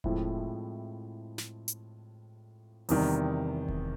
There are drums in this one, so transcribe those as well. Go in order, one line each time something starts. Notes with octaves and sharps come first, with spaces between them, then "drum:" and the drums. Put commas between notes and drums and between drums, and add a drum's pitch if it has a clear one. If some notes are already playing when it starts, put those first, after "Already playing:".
A2 F3 G#3 C4 E4, drum: kick E1
drum: snare
drum: hi-hat
E2 C3 D#3 G3, drum: open hi-hat
drum: kick E1